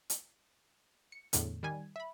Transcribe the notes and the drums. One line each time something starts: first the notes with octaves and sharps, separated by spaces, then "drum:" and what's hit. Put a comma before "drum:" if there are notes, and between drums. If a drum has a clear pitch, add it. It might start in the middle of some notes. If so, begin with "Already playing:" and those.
drum: hi-hat
C#7
E2 A2 D3, drum: hi-hat
D#3 G3 G#5 G#6
E5 B5